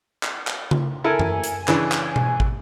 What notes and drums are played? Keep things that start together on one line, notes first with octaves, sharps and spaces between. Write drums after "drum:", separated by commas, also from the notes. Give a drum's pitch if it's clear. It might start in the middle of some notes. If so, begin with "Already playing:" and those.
drum: clap
drum: clap
drum: tom C#3
E4 A4 A#4 G#5
drum: tom F#2
drum: hi-hat
C#3 E3 D4, drum: clap
drum: clap
drum: tom B2
drum: kick